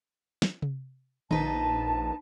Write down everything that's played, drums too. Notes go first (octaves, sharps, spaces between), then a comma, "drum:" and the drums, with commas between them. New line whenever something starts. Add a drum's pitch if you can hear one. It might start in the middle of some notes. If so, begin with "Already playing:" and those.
drum: snare
drum: tom C3
A#1 D#4 B4 A5, drum: tom D3